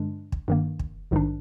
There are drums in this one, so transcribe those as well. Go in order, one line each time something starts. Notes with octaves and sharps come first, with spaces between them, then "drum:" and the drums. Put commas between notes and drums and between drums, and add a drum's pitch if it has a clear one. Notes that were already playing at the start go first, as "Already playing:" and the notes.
Already playing: G2 D3 G#3 D4
drum: kick
G2 D#3 A#3
drum: kick
A#1 G#2 D#3 G3 D4